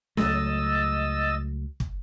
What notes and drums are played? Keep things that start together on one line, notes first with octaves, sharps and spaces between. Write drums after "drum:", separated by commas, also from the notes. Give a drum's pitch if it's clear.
C#2 F#3 A3 D#5 E6 A6, drum: snare C#4
drum: kick